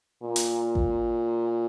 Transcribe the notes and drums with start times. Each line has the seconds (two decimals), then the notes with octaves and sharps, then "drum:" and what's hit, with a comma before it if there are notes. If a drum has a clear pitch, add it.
0.23 A#2
0.36 drum: hi-hat
0.75 drum: kick G#1